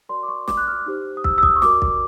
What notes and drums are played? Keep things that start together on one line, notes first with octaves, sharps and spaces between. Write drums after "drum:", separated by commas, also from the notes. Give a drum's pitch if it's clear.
F#4 A#4 D5 C6
D6
C#6
D6, drum: snare
F#6
F6
D#4 G4 C5
D#6
E6, drum: kick
E6
D#6, drum: kick
C#6
F#4 A#4 D5 D6, drum: snare
drum: kick